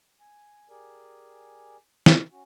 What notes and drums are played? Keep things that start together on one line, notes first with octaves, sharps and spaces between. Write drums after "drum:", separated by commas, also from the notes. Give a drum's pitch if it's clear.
G#5
G4 G#4 A#4 D5 G#5
drum: snare
C#4 F#4